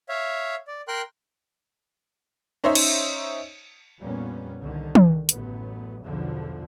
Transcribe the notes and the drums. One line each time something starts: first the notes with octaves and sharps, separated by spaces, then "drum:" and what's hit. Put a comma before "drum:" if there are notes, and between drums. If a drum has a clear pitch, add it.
C#5 E5 F5
D5
A#4 G5 C6 F#6
C#4 D#4 C5 C#5 D#5 E5
drum: cymbal
F2 A#2 G3 A#3 B3 C#4
C2 D3 D#3
drum: tom
A1 F#2 B3, drum: hi-hat
B1 E2 D3 F3